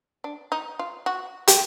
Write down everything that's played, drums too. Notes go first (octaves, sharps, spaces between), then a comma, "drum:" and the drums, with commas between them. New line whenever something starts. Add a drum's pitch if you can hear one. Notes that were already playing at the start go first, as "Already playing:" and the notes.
D4
D#4
F4
F#4
G4, drum: hi-hat